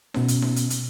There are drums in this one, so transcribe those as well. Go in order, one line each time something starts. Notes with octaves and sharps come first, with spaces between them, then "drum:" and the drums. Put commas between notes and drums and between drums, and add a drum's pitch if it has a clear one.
B2 B3 C#4, drum: snare D#4
drum: hi-hat
drum: snare D#4
drum: hi-hat
drum: hi-hat